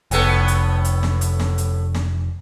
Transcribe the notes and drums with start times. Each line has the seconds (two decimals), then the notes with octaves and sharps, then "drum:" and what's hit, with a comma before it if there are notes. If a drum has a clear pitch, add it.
0.11 F1 A2 B3 A4, drum: hi-hat
0.48 drum: hi-hat
0.85 drum: hi-hat
1.03 drum: snare
1.21 drum: hi-hat
1.39 drum: snare
1.58 drum: hi-hat
1.94 drum: snare